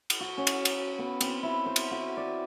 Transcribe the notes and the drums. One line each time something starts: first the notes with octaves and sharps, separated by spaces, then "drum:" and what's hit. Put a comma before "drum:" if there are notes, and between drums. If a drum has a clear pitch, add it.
drum: cymbal
F#4
C#4
drum: cymbal
drum: cymbal
B3
C4, drum: cymbal
E4
C5
drum: cymbal
F#4
D5